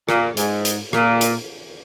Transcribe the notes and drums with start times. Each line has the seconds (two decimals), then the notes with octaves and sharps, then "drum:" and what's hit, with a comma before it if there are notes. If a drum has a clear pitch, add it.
0.09 A#2, drum: rim click
0.37 G#2, drum: hi-hat
0.65 drum: hi-hat
0.93 A#2, drum: rim click
1.21 drum: hi-hat